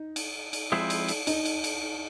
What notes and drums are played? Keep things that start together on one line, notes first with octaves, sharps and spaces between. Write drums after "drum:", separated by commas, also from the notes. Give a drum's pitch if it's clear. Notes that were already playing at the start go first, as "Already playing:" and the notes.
Already playing: D#4
drum: cymbal
drum: cymbal
F3 G#3 C4 E4
drum: cymbal
drum: cymbal
D#4, drum: cymbal
drum: cymbal
drum: cymbal